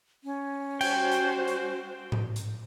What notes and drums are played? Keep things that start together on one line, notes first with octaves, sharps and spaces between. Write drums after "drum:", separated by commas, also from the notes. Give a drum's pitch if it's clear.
C#4
G3 F#4 C5 G5, drum: cymbal
drum: hi-hat
drum: hi-hat
drum: tom G#2
drum: hi-hat